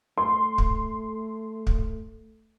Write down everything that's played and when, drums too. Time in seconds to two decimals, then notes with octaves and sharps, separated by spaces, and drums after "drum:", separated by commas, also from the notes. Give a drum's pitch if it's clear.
0.18 A3 C6
0.58 drum: kick
1.67 drum: kick